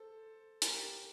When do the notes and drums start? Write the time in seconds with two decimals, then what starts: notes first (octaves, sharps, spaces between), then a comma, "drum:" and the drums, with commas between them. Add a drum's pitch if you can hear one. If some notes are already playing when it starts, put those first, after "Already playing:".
Already playing: A4 C5
0.62 G4 A#4, drum: hi-hat